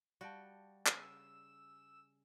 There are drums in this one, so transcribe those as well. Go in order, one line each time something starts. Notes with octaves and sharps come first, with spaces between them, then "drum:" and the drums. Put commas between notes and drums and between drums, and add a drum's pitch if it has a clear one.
G3 F#4 F5 G5 A5
C#3 G#5 E6, drum: clap